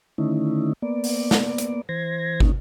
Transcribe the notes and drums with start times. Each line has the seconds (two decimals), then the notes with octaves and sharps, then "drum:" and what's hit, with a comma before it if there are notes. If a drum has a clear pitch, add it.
0.18 D3 D#3 A3 C#4 D#4 E4
0.82 A#3 B3 D5
1.04 drum: open hi-hat
1.31 drum: snare
1.58 drum: hi-hat
1.89 E3 C5 G#6 A#6
2.40 A#3 C#4 D#4, drum: kick